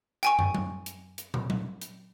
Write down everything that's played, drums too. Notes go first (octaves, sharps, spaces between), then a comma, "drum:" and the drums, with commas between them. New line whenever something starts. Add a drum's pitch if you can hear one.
G5 G#5 C#6, drum: hi-hat
drum: tom
drum: tom F#3
drum: hi-hat
drum: hi-hat
drum: tom
drum: tom F#3
drum: hi-hat